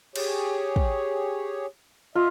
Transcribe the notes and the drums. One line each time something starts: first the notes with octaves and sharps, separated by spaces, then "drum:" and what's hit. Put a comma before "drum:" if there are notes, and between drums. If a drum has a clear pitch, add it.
G4 G#4 C#5, drum: cymbal
drum: kick
F4 D#5 E5